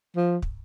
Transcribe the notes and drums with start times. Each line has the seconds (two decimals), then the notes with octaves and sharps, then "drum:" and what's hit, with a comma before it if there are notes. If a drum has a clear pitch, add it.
0.16 F3
0.42 drum: kick